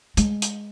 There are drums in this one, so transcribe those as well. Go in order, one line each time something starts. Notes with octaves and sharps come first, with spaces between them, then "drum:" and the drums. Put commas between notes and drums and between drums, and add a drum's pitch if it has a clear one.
G#3, drum: hi-hat
drum: hi-hat